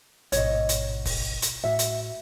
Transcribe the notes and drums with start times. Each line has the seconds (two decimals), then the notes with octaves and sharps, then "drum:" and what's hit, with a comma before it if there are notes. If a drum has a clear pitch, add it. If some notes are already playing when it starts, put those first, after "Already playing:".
0.32 A1 G#2 B2 C#5 D#5, drum: hi-hat
0.69 drum: hi-hat
1.05 drum: kick F1, open hi-hat
1.42 drum: hi-hat
1.64 A2 F#4 E5
1.79 drum: hi-hat